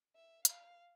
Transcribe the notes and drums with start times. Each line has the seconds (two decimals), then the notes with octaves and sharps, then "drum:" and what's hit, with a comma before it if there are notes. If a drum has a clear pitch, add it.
0.16 E5
0.45 F5, drum: hi-hat